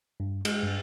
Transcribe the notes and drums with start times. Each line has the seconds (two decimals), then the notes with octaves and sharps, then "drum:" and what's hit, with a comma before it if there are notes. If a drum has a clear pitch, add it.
0.20 G2
0.45 G#3, drum: cymbal
0.63 G2